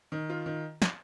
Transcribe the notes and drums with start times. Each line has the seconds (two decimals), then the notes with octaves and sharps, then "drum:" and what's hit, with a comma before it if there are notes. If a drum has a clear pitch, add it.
0.12 D#3
0.30 F4
0.46 D#3
0.82 drum: snare